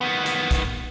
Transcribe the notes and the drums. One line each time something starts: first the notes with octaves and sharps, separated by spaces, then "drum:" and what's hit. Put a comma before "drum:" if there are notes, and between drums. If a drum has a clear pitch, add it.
D#3 B3
drum: hi-hat
drum: kick, hi-hat